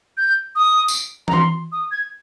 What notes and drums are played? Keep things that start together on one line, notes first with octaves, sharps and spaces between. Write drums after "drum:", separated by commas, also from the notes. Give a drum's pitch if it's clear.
G6
D#6
drum: tambourine
A#5, drum: tom E3
C6
D#6
G#6